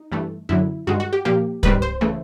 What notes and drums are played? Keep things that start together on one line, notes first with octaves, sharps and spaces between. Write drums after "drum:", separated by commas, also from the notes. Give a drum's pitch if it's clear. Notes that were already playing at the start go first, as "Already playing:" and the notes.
Already playing: D#4
G2 E3 A3
F#2 D3 F#3 E4
G2 D#3 G#3 F#4
F#4
G4
A#2 F3 A#3 G4
G#2 D#3 G3 C4 B4, drum: kick
C5
C#3 E3 A3